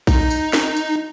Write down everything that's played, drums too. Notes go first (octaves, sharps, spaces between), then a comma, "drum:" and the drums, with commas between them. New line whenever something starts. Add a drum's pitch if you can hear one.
D#4, drum: kick A#1, tambourine
drum: tambourine
drum: snare
drum: tambourine